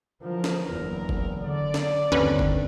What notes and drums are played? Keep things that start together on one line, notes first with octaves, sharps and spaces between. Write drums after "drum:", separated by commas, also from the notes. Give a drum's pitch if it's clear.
D3 E3 F3 A#4
drum: snare
F#1 E2
drum: kick
D3 D5
drum: snare
G1 D#2 D3 C4 C#4 B4
drum: kick